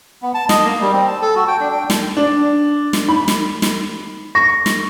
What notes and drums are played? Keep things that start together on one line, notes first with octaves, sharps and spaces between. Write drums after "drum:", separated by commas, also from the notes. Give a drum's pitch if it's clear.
B3
A5
D#5, drum: snare
A#3
G3
C4
A5
A4
F#4
G5
D4
G5
drum: snare
D4
drum: snare
D#4 B5
drum: snare
drum: snare
C#6 A#6
drum: snare